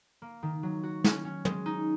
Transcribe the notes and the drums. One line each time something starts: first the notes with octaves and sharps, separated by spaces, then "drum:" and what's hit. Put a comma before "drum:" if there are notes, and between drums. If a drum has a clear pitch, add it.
A#3
D#3
F#3
F#4
C#4, drum: snare
C#4
G#3, drum: tom
D#4